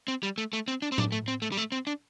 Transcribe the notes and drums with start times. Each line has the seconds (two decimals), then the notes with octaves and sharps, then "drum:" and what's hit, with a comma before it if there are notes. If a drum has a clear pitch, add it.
0.08 C4
0.23 G3
0.38 A3
0.53 A3
0.68 C4
0.82 D4
0.92 C4
0.98 D4, drum: tom A2
1.12 A3
1.28 C4
1.42 A3
1.52 G3
1.57 A3
1.72 C4
1.87 D4